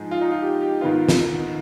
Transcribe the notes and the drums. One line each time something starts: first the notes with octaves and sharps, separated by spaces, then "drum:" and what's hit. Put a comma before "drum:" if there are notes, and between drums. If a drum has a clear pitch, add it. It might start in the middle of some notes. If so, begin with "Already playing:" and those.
Already playing: G#2 F3 G#3 G#4
F4
D#4
F4
G4
G4
G#2 D#3 B3 F4
drum: snare